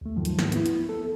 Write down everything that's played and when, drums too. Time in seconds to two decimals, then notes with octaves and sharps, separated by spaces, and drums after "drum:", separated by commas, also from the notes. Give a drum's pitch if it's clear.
0.01 D#2 A3
0.16 G#2 D#3 F3 F#3
0.25 drum: hi-hat
0.39 drum: snare
0.52 B3 E4, drum: hi-hat
0.66 drum: hi-hat
0.89 A4